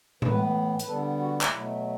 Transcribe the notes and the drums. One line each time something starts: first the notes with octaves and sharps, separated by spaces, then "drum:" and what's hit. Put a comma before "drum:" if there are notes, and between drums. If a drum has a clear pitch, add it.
A2 E3 B3 B4, drum: tom A2
B4, drum: hi-hat
D3 G3 B3 A4
F#4
drum: clap
B2 F#3 A3 E4